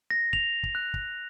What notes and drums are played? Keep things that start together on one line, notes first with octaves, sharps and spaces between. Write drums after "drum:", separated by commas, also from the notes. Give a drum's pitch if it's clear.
A#6
F7, drum: kick
drum: kick
F#6
drum: kick